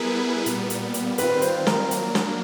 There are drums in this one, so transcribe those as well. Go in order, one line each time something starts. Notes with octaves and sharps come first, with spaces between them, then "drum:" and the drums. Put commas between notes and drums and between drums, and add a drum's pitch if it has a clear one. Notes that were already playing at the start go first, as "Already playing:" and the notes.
Already playing: G3 B3 E4 G#4 A#4 B4
A#2 G3 B3, drum: hi-hat
drum: hi-hat
drum: hi-hat
D#3 G3 C4 F4 B4, drum: hi-hat
C5, drum: hi-hat
A#4, drum: snare
F#3 A#3 D4, drum: hi-hat
drum: snare